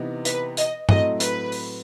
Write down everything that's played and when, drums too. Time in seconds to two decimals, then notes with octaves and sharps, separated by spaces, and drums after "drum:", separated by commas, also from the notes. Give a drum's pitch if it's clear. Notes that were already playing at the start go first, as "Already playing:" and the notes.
Already playing: C3 E3 B3 D#4
0.25 B4, drum: hi-hat
0.57 D#5, drum: hi-hat
0.89 A2 F#3 A3 C4 D#5, drum: tom G2
1.20 B4, drum: hi-hat
1.52 drum: open hi-hat